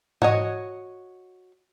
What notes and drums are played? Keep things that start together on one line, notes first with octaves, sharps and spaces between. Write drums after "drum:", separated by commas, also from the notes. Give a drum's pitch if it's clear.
F#4 C#5 D#5, drum: tom G#2